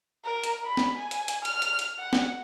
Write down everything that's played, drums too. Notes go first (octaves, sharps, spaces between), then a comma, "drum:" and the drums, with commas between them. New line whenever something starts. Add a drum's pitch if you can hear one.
A#4
drum: hi-hat
B5
drum: snare
G#5
drum: hi-hat
drum: hi-hat
F6, drum: hi-hat
drum: hi-hat
drum: hi-hat
F#5
drum: snare